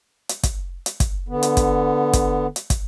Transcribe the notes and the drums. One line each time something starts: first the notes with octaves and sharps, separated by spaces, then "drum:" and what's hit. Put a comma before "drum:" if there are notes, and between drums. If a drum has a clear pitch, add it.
drum: hi-hat
drum: kick, hi-hat
drum: hi-hat
drum: kick, hi-hat
D3 B3
drum: hi-hat
drum: kick, hi-hat
drum: kick, hi-hat
drum: hi-hat
drum: kick, hi-hat